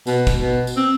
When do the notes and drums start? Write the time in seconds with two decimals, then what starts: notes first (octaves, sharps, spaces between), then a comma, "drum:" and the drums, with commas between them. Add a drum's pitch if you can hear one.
0.07 B2, drum: tambourine
0.27 drum: kick, tambourine
0.39 B2
0.67 drum: tambourine
0.76 C4